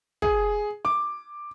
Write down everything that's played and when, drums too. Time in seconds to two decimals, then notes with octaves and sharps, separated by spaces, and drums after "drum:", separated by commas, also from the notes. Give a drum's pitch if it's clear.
0.22 G#4, drum: kick
0.85 D6